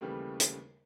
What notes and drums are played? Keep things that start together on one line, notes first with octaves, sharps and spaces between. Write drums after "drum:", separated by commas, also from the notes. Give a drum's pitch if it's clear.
D#2 C#3 E3 G3 A3 G4
drum: hi-hat